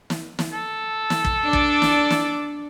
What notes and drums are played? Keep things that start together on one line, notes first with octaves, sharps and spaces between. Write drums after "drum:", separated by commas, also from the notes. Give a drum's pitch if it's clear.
drum: snare
drum: snare
A4
drum: snare
drum: kick
D4 D5
drum: kick
drum: snare
drum: snare